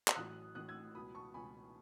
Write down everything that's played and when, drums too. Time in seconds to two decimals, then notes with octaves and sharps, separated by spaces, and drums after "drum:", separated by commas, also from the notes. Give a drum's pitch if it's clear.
0.08 E6, drum: clap
0.16 A1 A2 F#3 D#6 F#6
0.55 A1 A2 F#3 D#6 F#6
0.68 E6 G#6
0.95 C#2 B2 F#3 B5 D#6
1.14 A5 C#6
1.34 C#2 B2 F#3 G#5 B5